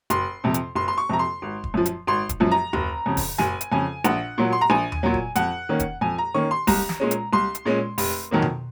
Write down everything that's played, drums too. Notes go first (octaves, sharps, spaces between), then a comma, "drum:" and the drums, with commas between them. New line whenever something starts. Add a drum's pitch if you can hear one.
F#1 C6, drum: hi-hat
F2 C3
drum: hi-hat
F#1 C6
C6
C#6
F2 C3 A#5
C6
G#1
drum: kick E1
F#2 F3
drum: hi-hat
G#1 C6
drum: kick E1, hi-hat
F#2 F3
A#5
F#1, drum: tom D#2
F2 C#3
drum: kick E1, open hi-hat
F#1 G#5, drum: snare
drum: hi-hat
F2 C#3 G#5
A#1 F#5, drum: hi-hat
A#2 F#3
C6
A#5
A#1 G#5
drum: tom D#2
A#2 F#3
drum: kick E1
F2 F#5, drum: hi-hat
D#3 A#3 C#4
drum: kick E1, hi-hat
F2 G#5
A#5
D#3 A#3 C#4 C#6
C6
C2 A#5, drum: kick E1, open hi-hat
drum: snare
A#2 G#3 C#4
drum: hi-hat
C2 C6
drum: hi-hat
A#2 G#3 C#4
F1, drum: open hi-hat
F2 D#3 F#3 A#3
drum: tom B2